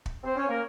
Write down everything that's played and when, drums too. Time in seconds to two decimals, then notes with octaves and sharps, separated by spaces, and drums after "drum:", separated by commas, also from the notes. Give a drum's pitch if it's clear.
0.06 drum: kick
0.23 C4 C5
0.36 C#4 C#5
0.48 A#3 A#4